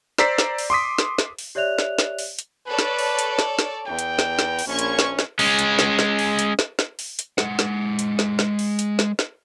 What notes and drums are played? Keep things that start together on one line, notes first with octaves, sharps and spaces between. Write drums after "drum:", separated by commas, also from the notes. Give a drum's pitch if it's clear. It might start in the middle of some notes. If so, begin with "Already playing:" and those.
C5 D5 A#5 E6 B6 C7, drum: snare
drum: snare
drum: open hi-hat
C6 D6 D#6 B6
drum: snare
drum: snare
drum: open hi-hat
G4 C#5 D5 E5 F#6 F7
drum: snare
drum: snare
drum: open hi-hat
drum: hi-hat
A4 B4 C#5 D5
drum: snare
drum: open hi-hat
drum: hi-hat
drum: snare
drum: snare
E2 G5
drum: hi-hat
drum: snare
drum: snare
drum: open hi-hat
A#1 C#4 C#6 G#6
drum: hi-hat
drum: snare
drum: snare
G#3 C#4, drum: open hi-hat
drum: hi-hat
drum: snare
drum: snare
drum: open hi-hat
drum: hi-hat
drum: snare
drum: snare
drum: open hi-hat
drum: hi-hat
G#3 F#5, drum: snare
drum: snare
drum: hi-hat
drum: snare
drum: snare
drum: open hi-hat
drum: hi-hat
drum: snare
drum: snare